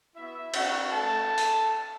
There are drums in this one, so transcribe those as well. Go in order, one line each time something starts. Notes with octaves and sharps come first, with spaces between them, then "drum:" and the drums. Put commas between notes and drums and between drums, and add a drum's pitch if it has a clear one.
B3 E4 F#4 E5
F#4 F#5, drum: cymbal
A3 A4 A5
drum: open hi-hat